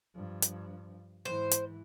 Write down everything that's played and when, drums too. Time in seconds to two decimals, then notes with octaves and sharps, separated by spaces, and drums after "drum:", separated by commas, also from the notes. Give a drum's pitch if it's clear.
0.15 G2 F3
0.42 drum: hi-hat
1.25 G#2 E3 C5
1.51 drum: hi-hat